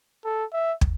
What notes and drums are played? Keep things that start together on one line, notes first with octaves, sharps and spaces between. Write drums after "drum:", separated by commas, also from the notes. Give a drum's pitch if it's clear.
A4
E5
drum: kick